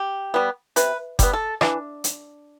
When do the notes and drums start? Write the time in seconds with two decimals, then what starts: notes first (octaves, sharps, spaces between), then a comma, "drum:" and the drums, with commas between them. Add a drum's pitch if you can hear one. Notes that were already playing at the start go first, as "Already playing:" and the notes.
Already playing: G4
0.34 G3 B3
0.76 C3 B4, drum: hi-hat
1.19 G3 B3, drum: kick F#1, hi-hat
1.33 A4
1.61 E3 D4, drum: rim click
2.04 drum: hi-hat